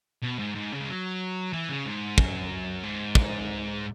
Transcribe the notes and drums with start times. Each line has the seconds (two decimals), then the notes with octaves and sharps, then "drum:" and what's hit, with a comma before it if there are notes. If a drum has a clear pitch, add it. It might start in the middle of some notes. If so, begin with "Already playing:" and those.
0.23 B2
0.39 G#2
0.55 G#2
0.72 C#3
0.81 G#3
0.89 F#3
1.53 E3
1.69 C#3
1.86 G#2
2.18 F#2, drum: kick
2.83 G#2
3.15 drum: kick